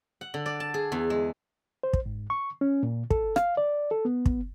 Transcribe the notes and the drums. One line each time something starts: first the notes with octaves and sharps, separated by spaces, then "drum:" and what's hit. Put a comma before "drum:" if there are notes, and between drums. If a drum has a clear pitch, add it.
F#5
D3
D5
A5
G#4
E2
G#3
C5
drum: kick
G#2
C#6
C#4
A#2
A4, drum: kick
F5, drum: rim click
D5
A4
B3
drum: kick